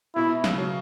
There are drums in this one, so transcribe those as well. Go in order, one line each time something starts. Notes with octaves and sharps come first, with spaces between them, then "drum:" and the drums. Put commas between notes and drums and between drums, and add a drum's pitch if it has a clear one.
B2 E4
C#3, drum: snare
F#3